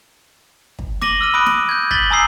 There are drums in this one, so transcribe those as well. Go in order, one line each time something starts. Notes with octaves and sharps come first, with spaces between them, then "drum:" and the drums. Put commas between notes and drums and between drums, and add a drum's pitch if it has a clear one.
drum: kick
D6 A#6 D#7 F#7 G7, drum: snare
E6 F6 D#7
B5 D#6 F#6 D7
drum: snare
G6 G#6
G#6 A6 B6 F#7 G7, drum: kick
G#5 A#5 D#6 E6 C7